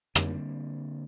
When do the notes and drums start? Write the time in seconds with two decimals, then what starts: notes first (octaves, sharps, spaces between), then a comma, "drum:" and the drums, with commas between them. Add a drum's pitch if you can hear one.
0.15 D3 G3 A#3 C4, drum: rim click